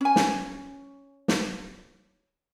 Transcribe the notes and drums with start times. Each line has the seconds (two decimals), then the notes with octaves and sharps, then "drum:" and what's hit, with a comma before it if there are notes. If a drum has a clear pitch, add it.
0.01 C#4 G#5
0.16 drum: snare
1.28 drum: snare